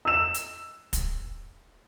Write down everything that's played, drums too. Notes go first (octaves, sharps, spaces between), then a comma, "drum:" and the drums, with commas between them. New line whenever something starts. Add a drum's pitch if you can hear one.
E6 E7
drum: hi-hat
drum: kick, hi-hat